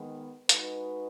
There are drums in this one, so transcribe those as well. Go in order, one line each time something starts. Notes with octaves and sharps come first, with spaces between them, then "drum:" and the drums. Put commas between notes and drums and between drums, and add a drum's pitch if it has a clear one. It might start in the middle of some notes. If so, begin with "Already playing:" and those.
Already playing: D#3 G#3 B3
G#3 D#4 F#4 B4, drum: hi-hat